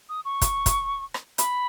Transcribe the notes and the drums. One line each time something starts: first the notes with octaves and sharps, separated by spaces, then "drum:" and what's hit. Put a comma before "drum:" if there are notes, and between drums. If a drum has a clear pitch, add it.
D#6
C#6
drum: kick, hi-hat
drum: kick, hi-hat
drum: rim click
B5, drum: hi-hat